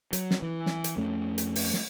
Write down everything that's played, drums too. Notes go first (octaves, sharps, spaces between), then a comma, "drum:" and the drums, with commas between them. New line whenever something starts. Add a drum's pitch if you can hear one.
F#3, drum: hi-hat
drum: snare
E3
drum: snare
drum: hi-hat
F2 A3 C#4
drum: hi-hat
drum: open hi-hat
drum: snare